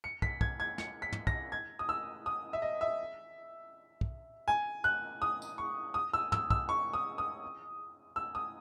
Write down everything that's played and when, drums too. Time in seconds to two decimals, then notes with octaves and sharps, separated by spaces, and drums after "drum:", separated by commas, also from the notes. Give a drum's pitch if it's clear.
0.04 C#7
0.22 B6, drum: kick
0.41 G#6, drum: kick
0.60 G#6
0.78 C#7, drum: snare
1.02 B6
1.12 drum: tom
1.27 A#6, drum: kick
1.52 G#6
1.79 D#6
1.89 E6
2.26 D#6
2.53 E5
2.62 D#5
2.81 E5
4.01 drum: kick
4.48 G#5
4.84 F#6
5.22 D#6
5.42 drum: tambourine
5.58 C#6
5.94 D#6
6.13 E6
6.32 E6, drum: tom
6.50 E6, drum: kick
6.69 C#6
6.94 D#6
7.18 D#6
8.16 E6
8.35 D#6